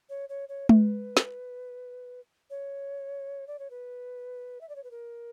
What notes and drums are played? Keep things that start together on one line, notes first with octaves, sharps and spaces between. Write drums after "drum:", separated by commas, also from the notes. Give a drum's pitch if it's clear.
C#5
C#5
C#5
B4, drum: tom G#3
drum: snare
C#5
D5
C#5
B4
E5
D5
C#5
B4
A#4